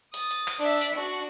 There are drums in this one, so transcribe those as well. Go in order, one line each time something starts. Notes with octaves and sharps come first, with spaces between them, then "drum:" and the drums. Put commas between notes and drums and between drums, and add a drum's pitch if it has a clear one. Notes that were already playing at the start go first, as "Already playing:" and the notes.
D#6 A6, drum: hi-hat
drum: hi-hat
drum: clap
D4 E5
drum: hi-hat
D4 F#4